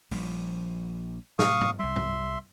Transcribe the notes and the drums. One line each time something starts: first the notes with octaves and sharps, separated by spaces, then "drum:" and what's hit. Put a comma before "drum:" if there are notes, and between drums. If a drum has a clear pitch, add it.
A#1 F3 G3, drum: open hi-hat
A2 C3 F#3 F5 C#6 D#6, drum: snare
drum: tom G#2
C2 G3 E5 C6
drum: tom G#2